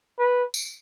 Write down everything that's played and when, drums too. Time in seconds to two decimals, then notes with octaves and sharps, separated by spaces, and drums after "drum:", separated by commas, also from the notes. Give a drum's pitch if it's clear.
0.19 B4
0.54 drum: tambourine